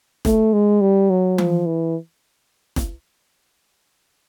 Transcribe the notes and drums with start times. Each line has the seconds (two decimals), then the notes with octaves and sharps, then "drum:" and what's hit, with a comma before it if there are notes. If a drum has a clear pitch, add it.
0.25 A3, drum: snare
0.53 G#3
0.81 G3
1.10 F#3
1.38 F3, drum: tom E3
1.66 E3
2.76 drum: snare